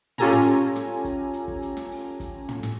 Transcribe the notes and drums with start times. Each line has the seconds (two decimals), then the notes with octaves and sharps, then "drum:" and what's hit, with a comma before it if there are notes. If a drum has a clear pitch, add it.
0.18 C#4 F4 G4 A4 G#5 A#5, drum: tom
0.33 drum: snare
0.47 drum: open hi-hat
0.76 drum: snare
1.05 drum: kick, hi-hat
1.33 drum: hi-hat
1.48 drum: kick
1.62 drum: hi-hat
1.77 drum: snare
1.91 drum: open hi-hat
2.20 drum: kick, hi-hat
2.49 drum: tom
2.63 drum: snare